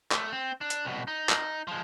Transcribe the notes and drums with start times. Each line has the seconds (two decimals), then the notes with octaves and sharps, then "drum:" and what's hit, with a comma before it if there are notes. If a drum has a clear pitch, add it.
0.11 A3, drum: clap
0.32 C4
0.61 D4
0.70 drum: hi-hat
0.85 C2 B2
1.07 D#4
1.29 drum: clap
1.68 F3 G#3